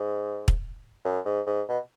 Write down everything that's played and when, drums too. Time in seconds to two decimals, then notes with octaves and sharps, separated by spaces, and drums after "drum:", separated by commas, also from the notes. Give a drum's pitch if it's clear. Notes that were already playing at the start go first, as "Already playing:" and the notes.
Already playing: G#2
0.48 drum: kick
1.04 F#2
1.26 G#2
1.47 G#2
1.69 B2